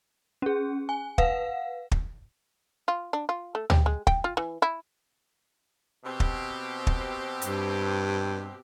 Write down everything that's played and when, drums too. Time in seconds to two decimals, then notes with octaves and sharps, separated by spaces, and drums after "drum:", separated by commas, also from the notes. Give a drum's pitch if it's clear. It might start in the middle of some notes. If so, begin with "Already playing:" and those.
0.42 C#4 G#4
0.89 G#5
1.18 B4 F5 F#5, drum: kick
1.92 drum: kick
2.88 F4
3.13 D4
3.29 F4
3.55 A3
3.70 G4, drum: tom
3.86 G#3
4.07 G5, drum: kick
4.24 F4
4.37 E3
4.62 E4
6.05 B2 C4 G4
6.20 drum: kick
6.87 drum: kick
7.42 G2, drum: hi-hat